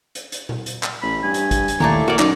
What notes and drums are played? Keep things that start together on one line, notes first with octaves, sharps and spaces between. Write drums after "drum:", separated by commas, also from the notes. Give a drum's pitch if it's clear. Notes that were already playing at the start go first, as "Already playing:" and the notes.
drum: hi-hat
drum: hi-hat
drum: tom A#2
drum: hi-hat
drum: clap
A1 B5
G2 G#5
drum: hi-hat
drum: kick, hi-hat
drum: hi-hat
D#2 A2 A3 D4 A#4
A#3 F#4 A#4 D5
F#2 D#4 D5, drum: clap